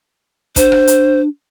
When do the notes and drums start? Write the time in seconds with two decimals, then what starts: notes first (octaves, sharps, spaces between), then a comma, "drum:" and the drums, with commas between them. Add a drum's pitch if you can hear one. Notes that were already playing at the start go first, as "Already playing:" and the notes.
0.56 D4 C5, drum: kick, hi-hat
0.72 drum: rim click
0.87 drum: hi-hat